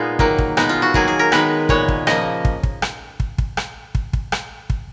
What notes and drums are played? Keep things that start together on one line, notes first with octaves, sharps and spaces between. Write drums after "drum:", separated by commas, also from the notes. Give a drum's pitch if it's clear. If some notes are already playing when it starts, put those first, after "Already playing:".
Already playing: A#2 G#3 B3 D#4 F4 G#4
D#3 F#3 A#3, drum: kick
drum: kick
B2 G#3 B3 D#4, drum: rim click
F4
F#4
D#3 F#3 A#3 G#4, drum: kick
G#4
A#4
D#3 G#3 B3 B4, drum: rim click
A#2 G#3 B3 C#5, drum: kick
drum: kick
C#3 F3 A#3 D#5, drum: rim click
drum: kick
drum: kick
drum: rim click
drum: kick
drum: kick
drum: rim click
drum: kick
drum: kick
drum: rim click
drum: kick